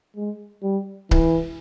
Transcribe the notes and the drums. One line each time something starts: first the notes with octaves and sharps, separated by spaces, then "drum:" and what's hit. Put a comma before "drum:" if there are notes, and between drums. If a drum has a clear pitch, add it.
G#3
G3
E3, drum: kick C#1